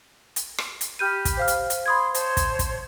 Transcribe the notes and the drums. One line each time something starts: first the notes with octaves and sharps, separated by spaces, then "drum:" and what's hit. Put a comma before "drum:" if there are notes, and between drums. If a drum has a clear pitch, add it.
drum: hi-hat
drum: rim click
drum: hi-hat
G4 B5 F6 G6 D#7
drum: kick, hi-hat
C5 F5 F6
drum: hi-hat
drum: hi-hat
B5 C6 D#6 G#6
C5 C#5 A5, drum: hi-hat
drum: kick, hi-hat
drum: kick, hi-hat